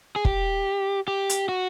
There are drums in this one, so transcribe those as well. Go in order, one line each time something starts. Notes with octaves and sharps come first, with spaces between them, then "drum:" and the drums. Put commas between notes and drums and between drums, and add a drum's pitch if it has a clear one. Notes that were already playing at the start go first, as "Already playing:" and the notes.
G#4
G4, drum: kick
G4
drum: hi-hat
F#4